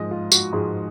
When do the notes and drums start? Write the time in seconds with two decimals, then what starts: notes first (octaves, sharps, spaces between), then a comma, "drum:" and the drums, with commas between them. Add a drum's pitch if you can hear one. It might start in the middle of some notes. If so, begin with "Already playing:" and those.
Already playing: G#2 F3 G#3 D#5
0.11 F4
0.32 F#4, drum: tambourine
0.53 G#2 F3 G#3 G#4